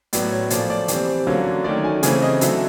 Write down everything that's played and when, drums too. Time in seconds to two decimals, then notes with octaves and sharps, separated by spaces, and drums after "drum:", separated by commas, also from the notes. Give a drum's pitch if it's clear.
0.13 A2 F#3 B3 D5, drum: hi-hat
0.31 C#5
0.50 A#2 F3 A3 D5, drum: hi-hat
0.70 D5
0.88 E3 G3 C4, drum: hi-hat
1.27 D3 F#3 A#3 C#4
1.64 D#3 F#3 A3 C#4 D5
1.84 G#5
2.03 C#3 E3 A3 C4 G#5, drum: hi-hat
2.22 D#5
2.41 D3 F#3 A3 E5, drum: hi-hat